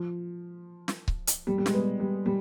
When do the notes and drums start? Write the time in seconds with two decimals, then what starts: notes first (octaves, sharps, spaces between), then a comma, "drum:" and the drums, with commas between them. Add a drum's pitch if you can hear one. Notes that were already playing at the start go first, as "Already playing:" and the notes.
Already playing: F3
0.88 drum: snare
1.08 drum: kick C#1
1.27 drum: hi-hat
1.47 G3
1.58 G3
1.66 G#3, drum: snare
1.74 B3
2.00 G3
2.26 G3